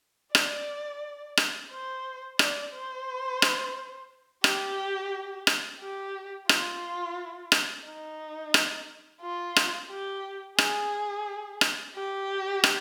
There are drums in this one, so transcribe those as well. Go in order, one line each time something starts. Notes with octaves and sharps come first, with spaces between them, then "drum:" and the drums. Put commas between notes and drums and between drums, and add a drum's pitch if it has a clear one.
D5, drum: rim click
drum: rim click
C5
D5, drum: rim click
C5
drum: rim click
G4, drum: rim click
drum: rim click
G4
F4, drum: rim click
drum: rim click
D#4
drum: rim click
F4
drum: rim click
G4
G#4, drum: rim click
drum: rim click
G4
drum: rim click